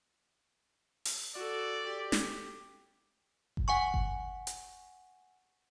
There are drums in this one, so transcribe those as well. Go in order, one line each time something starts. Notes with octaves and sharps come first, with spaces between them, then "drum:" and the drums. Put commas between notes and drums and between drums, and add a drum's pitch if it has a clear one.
drum: open hi-hat
F#4 A4 D5
G4
drum: snare
drum: kick G1
F#5 G#5 C#6
drum: kick G1
drum: hi-hat